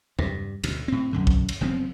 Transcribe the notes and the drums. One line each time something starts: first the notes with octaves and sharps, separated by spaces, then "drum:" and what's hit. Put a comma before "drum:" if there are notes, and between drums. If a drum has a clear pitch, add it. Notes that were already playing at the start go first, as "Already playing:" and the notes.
G2, drum: tom E2
D2 B2, drum: cymbal
A2 C4
B1 F#2 D3
drum: kick
drum: cymbal
F#1 F3 B3 C4